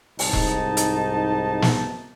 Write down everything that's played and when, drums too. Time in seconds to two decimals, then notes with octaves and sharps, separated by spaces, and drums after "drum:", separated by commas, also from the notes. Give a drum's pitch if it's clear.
0.19 C2 G#2 D#4 A5, drum: open hi-hat
0.33 drum: kick E1
0.77 drum: hi-hat
1.62 drum: snare